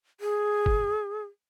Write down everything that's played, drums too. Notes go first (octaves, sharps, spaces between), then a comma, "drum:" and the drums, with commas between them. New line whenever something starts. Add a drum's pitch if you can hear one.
G#4
drum: kick